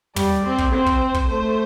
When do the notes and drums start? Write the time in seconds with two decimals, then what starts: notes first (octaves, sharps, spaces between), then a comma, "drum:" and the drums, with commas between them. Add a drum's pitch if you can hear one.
0.16 G3 D5, drum: tom
0.45 C4
0.58 drum: kick
0.72 C4 C5
0.86 drum: kick
1.14 drum: kick
1.28 A3 C5